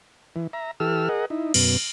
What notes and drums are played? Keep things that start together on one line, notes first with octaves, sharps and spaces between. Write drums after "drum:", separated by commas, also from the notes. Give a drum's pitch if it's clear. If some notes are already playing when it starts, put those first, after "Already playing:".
E3
E5 A#5
E3 G4 A4 E6 F6
G#4 A#4 D#5 F#5
D#4 E4
F#2 B2, drum: cymbal